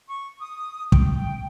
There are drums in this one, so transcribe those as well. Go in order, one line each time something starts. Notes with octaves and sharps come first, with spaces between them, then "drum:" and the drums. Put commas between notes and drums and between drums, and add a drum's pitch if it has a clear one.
C#6
D#6
G5, drum: kick